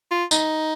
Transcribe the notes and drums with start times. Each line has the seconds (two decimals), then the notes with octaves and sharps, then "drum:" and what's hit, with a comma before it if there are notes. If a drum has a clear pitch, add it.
0.11 F4
0.31 D#4, drum: tambourine